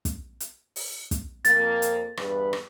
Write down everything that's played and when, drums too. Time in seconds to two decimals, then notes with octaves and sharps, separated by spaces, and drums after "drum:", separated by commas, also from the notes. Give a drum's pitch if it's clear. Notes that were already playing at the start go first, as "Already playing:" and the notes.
0.05 drum: kick, hi-hat
0.40 drum: hi-hat
0.76 drum: open hi-hat
1.11 drum: kick, hi-hat
1.45 F2 A#3 A6, drum: hi-hat
1.82 drum: hi-hat
2.17 E2 G2 B4, drum: rim click
2.53 drum: rim click